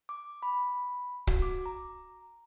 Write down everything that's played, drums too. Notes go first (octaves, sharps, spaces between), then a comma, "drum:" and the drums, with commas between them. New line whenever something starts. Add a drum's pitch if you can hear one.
D6
B5
F#4, drum: kick
D6
A#5